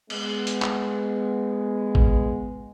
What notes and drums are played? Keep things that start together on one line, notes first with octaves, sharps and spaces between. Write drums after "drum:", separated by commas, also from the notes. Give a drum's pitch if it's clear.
G#3 B3, drum: cymbal
drum: hi-hat
drum: clap
drum: kick G#1